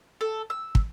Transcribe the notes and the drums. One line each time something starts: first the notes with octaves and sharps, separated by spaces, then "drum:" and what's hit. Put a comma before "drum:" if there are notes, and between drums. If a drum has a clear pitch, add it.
A4
E6
drum: kick